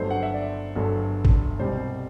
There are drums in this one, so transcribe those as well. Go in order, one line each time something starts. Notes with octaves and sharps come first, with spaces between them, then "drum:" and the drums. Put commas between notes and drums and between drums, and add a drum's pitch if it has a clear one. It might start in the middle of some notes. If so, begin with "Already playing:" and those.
Already playing: G1 G2 F#3 A3 C5
F#5
E5
D5
G1 G2 F#3 A3
drum: kick G#1
C2 B2 G3 C5